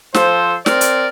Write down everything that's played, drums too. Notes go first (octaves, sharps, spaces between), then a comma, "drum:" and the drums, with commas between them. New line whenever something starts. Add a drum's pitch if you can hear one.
F3 A4 C5, drum: snare
C4 A#4 D5, drum: snare
drum: hi-hat